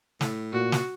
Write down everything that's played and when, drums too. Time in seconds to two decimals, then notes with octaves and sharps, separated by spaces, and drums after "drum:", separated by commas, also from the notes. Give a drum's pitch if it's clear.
0.21 A2, drum: snare
0.53 A#2 F#4
0.72 drum: snare